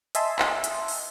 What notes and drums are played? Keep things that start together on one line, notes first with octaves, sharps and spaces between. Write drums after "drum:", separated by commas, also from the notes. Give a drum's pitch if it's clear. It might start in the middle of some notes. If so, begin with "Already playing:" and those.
D#5 E5 G#5 A5 C6 E6, drum: hi-hat
drum: clap
drum: hi-hat
drum: open hi-hat